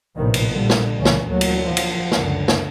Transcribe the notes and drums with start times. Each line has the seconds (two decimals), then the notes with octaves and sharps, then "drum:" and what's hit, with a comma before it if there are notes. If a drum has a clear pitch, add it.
0.16 A#1 A2 C3 D#3 B3
0.34 drum: cymbal
0.51 A#2 D3 G3
0.70 drum: snare
0.96 C#2 E3 C#4
1.05 drum: snare
1.28 D2 F#3 A#3
1.41 drum: cymbal
1.65 F3
1.77 drum: cymbal
2.12 C#2 F#2 D3, drum: snare
2.48 drum: snare